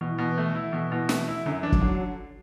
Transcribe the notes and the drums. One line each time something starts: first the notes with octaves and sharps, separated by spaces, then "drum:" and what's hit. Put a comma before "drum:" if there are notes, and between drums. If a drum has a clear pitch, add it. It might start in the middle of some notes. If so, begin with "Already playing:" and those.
B2 E3
B2
A3
E4
B2 E3
B2
A3, drum: snare
E4
F#2 D3
E3 D4
F#3, drum: kick
D3